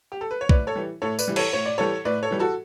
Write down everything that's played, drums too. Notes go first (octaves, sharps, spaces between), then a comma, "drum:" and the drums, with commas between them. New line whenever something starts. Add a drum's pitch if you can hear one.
G4
A4
B4
C#5
A2 B4 D5, drum: kick B1
A4 C#5
E3 G3
A2 A4 C#5
B4 D5, drum: tambourine
E3 G3
A4 C#5, drum: cymbal
A2 C#5
D5
E3 G3 A4 C#5
A2 B4 D5
A4 C#5
E3 G3
F#4 A4